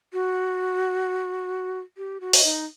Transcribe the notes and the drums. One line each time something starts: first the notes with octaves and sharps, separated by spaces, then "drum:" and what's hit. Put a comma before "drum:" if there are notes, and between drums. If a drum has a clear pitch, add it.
F#4
G4
F#4
drum: open hi-hat
D#4